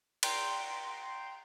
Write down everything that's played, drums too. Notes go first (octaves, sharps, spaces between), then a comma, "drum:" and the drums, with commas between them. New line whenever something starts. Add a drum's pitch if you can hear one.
G5 A#5 C6 D7, drum: cymbal